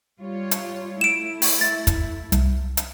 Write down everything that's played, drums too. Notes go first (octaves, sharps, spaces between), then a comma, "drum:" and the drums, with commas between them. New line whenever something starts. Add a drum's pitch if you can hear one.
G3 F4 C#5
drum: hi-hat
A3 E4 D7 E7
drum: open hi-hat
A6
drum: kick, hi-hat
C2, drum: hi-hat
drum: hi-hat